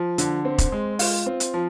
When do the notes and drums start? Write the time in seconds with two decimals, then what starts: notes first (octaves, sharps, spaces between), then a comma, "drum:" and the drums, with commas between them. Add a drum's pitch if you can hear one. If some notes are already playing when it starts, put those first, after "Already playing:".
Already playing: F3
0.18 D3, drum: hi-hat
0.45 C4
0.58 drum: kick, hi-hat
0.72 G#3
0.99 F4, drum: open hi-hat
1.26 C4
1.40 drum: hi-hat
1.54 F3